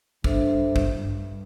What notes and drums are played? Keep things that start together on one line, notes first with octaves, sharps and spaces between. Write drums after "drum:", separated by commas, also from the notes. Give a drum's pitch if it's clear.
G2 D4 A4 C5 E5, drum: kick
drum: kick
G2